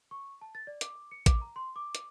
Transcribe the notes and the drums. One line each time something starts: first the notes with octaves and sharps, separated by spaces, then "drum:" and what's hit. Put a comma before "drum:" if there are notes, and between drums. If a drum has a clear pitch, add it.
C#6
A5
A6
D5
D6, drum: hi-hat
C#7
D6, drum: kick A1, hi-hat
A#5
C6
D6
drum: hi-hat